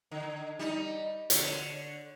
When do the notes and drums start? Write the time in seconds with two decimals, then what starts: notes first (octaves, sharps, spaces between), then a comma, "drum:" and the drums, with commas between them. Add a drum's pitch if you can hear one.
0.11 D3
0.59 G3 D#4
1.30 D3 C#5, drum: hi-hat